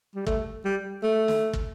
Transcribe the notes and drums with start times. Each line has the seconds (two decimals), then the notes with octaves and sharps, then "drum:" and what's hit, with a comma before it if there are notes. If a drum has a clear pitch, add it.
0.15 G3
0.27 A3, drum: kick
0.65 G3
1.03 A3
1.28 drum: snare
1.53 drum: kick